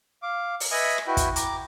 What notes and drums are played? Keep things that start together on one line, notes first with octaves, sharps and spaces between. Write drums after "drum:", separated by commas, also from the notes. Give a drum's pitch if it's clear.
F5 D6
drum: open hi-hat
B4 D#5 E5 G#5 B5 D#6
drum: rim click
E4 F#4 B4 G5
drum: kick, hi-hat
A#5 D6, drum: hi-hat